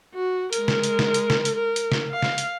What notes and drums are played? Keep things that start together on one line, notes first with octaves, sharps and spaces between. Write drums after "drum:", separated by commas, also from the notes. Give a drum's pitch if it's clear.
F#4
G#3 A#4, drum: hi-hat
drum: snare
drum: hi-hat
drum: snare
drum: hi-hat
drum: snare
drum: hi-hat
A#4
drum: hi-hat
drum: snare
F5
drum: snare
drum: hi-hat